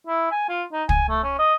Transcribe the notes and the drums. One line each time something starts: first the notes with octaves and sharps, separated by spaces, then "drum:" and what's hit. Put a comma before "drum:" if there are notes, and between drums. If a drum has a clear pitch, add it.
E4
G#5
F4
D#4
G#5, drum: kick
A3
C#4
D#5